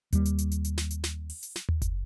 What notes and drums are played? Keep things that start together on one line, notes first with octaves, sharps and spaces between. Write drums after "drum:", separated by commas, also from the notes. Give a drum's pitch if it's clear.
D#2 G3, drum: hi-hat
drum: hi-hat
drum: hi-hat
drum: hi-hat
drum: hi-hat
drum: snare
drum: hi-hat
drum: snare
drum: open hi-hat
drum: hi-hat
drum: snare
drum: tom D#2
drum: kick F#1, hi-hat